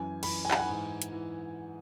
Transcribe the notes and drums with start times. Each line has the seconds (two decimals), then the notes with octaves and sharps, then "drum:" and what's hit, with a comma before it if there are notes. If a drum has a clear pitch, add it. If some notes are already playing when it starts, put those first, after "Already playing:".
Already playing: F#2 E3 G#5
0.23 F#2 E3 B5, drum: cymbal
0.45 G#5
0.51 F#5, drum: clap
0.59 G#5
0.65 G#2 E3
1.02 drum: hi-hat
1.12 E3